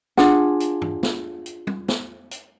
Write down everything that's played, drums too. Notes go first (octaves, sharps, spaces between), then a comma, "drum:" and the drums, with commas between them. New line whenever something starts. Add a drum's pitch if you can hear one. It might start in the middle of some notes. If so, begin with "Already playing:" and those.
D4 F4 G#4 F#5, drum: snare
drum: hi-hat
drum: tom G2
drum: snare
drum: hi-hat
drum: tom
drum: snare
drum: hi-hat